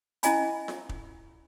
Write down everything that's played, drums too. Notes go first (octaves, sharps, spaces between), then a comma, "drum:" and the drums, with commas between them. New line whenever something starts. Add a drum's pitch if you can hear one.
C#4 E4 D#5 G#5 B5, drum: hi-hat
drum: snare F4
drum: kick